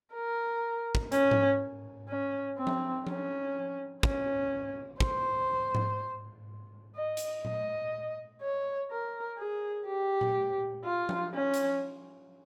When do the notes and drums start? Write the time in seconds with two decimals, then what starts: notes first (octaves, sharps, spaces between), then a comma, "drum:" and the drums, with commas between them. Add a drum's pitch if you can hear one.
0.13 A#4
0.95 drum: kick
1.12 C#4, drum: hi-hat
1.31 drum: tom G#2
2.08 C#4
2.57 C4
2.67 drum: tom F3
3.07 C#4, drum: tom F3
4.03 C#4, drum: kick
5.00 C5, drum: kick
5.75 drum: tom G#2
6.95 D#5
7.17 drum: hi-hat
7.45 D#5, drum: tom A#2
8.41 C#5
8.90 A#4
9.38 G#4
9.87 G4
10.21 drum: tom A#2
10.85 F4
11.09 drum: tom F3
11.34 C#4
11.54 drum: hi-hat